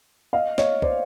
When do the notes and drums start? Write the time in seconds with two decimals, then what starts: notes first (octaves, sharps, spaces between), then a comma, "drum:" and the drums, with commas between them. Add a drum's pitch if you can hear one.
0.33 D#5 F5
0.58 C#5 D#5, drum: snare
0.82 C5 D5, drum: kick